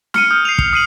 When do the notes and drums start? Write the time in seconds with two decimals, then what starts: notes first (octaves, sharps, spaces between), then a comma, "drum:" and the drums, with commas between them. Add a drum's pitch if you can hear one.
0.14 F6 C#7 D#7, drum: snare
0.31 D#6 F6 G6
0.45 C7 D#7 F7
0.58 F7, drum: kick
0.73 D#6 C7 D#7 F#7